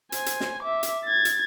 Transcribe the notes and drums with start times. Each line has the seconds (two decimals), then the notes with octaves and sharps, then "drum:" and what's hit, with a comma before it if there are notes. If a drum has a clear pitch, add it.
0.12 C5 G#5, drum: hi-hat
0.26 drum: hi-hat
0.40 drum: snare
0.62 E5 D6
0.83 drum: hi-hat
1.04 G#6 A6
1.25 drum: hi-hat